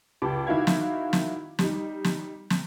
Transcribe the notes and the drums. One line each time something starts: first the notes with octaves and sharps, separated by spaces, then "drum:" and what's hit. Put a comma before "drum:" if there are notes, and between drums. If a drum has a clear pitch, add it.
C#2 G4 A5 D6
D#3 E4 F#4 F5 G#6
drum: snare
drum: snare
G3 D#4, drum: snare
drum: snare
drum: snare